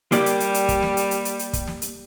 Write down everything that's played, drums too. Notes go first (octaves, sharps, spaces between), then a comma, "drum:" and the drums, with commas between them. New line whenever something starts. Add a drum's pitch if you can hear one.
G3 A#3 G4 D5, drum: hi-hat
drum: hi-hat
drum: hi-hat
drum: hi-hat
drum: kick, hi-hat
drum: snare
drum: hi-hat
drum: hi-hat
drum: hi-hat
drum: hi-hat
drum: kick, hi-hat
drum: snare
drum: hi-hat